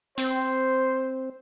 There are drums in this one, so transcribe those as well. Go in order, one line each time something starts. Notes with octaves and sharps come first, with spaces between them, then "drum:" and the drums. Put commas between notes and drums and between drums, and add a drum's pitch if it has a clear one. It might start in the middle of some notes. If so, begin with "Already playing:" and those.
C4 C5, drum: open hi-hat